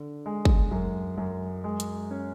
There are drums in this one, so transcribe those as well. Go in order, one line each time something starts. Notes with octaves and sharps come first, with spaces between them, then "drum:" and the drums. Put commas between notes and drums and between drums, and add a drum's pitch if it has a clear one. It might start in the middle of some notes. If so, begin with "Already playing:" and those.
Already playing: D3
G#3
drum: kick
F#2
F#2
G#3
drum: hi-hat
C#4